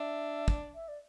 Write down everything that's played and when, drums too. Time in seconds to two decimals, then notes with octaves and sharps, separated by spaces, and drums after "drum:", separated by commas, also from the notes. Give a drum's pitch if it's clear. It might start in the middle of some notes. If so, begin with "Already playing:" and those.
Already playing: D4 E5
0.48 D5, drum: kick
0.75 E5
0.88 D5